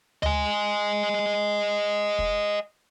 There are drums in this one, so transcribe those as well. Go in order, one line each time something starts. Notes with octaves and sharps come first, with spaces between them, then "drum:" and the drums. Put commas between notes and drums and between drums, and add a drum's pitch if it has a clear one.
D#5 G#5, drum: tom D2
drum: kick